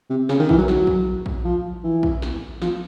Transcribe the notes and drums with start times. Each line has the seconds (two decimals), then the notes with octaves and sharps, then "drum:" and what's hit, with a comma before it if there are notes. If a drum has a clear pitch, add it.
0.10 C3
0.29 C#3, drum: snare
0.39 D#3
0.49 E3, drum: kick A#1
0.58 F#3
0.68 F#3, drum: snare
0.87 drum: kick A#1
1.26 drum: kick A#1
1.44 F3
1.84 E3
2.03 drum: kick A#1
2.22 drum: snare
2.62 F3, drum: snare